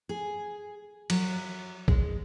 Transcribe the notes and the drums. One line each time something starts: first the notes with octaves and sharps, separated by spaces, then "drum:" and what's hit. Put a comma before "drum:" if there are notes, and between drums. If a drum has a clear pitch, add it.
G#4
F#3, drum: cymbal
G#3, drum: kick